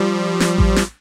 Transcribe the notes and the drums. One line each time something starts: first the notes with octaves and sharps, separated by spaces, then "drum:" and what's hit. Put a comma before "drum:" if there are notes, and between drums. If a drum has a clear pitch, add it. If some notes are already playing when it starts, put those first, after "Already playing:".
Already playing: F3 G3
drum: snare
drum: kick A1
drum: snare